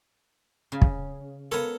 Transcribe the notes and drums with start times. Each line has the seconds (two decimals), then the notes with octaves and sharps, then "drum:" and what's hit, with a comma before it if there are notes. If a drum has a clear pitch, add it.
0.72 C#3
0.82 drum: kick
1.52 B3 A4 A#4 C#5